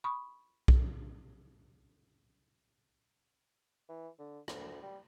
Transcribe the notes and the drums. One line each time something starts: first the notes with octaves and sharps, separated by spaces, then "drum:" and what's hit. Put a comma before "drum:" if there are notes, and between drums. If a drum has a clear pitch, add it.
B5 C#6 D#6
drum: kick B1
E3
D3
D2, drum: rim click
G3